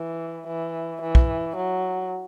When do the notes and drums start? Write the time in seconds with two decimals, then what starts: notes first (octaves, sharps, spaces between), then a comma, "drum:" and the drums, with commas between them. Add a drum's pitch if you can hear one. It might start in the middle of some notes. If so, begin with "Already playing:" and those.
Already playing: E3
0.47 E3
1.02 E3
1.15 drum: kick
1.57 F#3